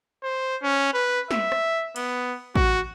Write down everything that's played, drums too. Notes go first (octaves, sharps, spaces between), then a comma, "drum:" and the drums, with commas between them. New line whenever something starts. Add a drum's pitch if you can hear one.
C5
C#4
B4
E5, drum: snare
drum: rim click
B3, drum: cymbal
F#4, drum: kick A1